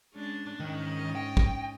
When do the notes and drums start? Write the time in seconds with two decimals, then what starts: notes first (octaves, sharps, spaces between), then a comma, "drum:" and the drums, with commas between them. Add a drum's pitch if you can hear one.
0.13 G#3 C#4 D4
0.60 G#2 D#3 C#4 D#5
1.15 G5
1.37 drum: kick